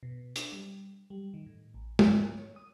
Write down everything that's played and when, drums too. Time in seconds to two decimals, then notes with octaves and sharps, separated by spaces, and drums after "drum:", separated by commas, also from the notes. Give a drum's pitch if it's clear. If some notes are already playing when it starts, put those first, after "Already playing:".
0.03 B2
0.36 D4, drum: hi-hat
0.52 G3
1.10 G3
1.34 D#3
1.46 A2
1.74 A1
1.99 G#2, drum: tom
2.38 C#5
2.56 D#6